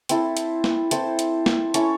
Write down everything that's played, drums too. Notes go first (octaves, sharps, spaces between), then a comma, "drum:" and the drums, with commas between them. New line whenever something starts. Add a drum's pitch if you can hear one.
C4 E4 A4 C5, drum: hi-hat
drum: hi-hat
drum: snare
C4 E4 A4 C5, drum: hi-hat
drum: hi-hat
drum: snare
C#4 E4 A4 C#5, drum: hi-hat